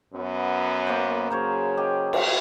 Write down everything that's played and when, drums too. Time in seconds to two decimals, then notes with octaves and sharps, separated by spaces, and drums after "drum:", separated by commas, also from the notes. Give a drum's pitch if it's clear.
0.14 F#2 B3
0.87 A#3 C5
1.30 C#3 F#3 G#4 A#4 C5 C#5
1.77 G4 D#5
2.13 drum: cymbal